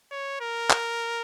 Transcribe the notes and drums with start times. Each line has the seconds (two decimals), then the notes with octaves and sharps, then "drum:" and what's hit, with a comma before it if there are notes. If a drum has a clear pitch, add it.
0.12 C#5
0.41 A#4
0.70 drum: clap